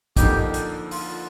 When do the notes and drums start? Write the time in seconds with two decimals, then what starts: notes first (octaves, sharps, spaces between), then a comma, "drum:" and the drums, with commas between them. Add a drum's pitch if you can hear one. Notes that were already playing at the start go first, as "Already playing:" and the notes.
0.16 F2 D3 F3 A#3 D#4 G4, drum: kick, hi-hat
0.54 drum: hi-hat
0.91 F4, drum: open hi-hat